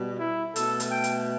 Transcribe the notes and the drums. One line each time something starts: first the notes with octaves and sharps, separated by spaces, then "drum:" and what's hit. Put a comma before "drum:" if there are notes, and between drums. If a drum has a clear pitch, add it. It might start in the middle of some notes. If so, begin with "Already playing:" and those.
Already playing: B2 G3
E4
B2 A3 A4, drum: hi-hat
drum: hi-hat
G5
drum: hi-hat